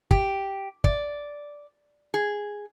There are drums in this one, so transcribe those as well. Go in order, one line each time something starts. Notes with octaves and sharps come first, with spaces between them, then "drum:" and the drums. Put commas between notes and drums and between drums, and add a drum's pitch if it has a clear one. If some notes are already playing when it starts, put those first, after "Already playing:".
G4, drum: kick
D5, drum: kick
G#4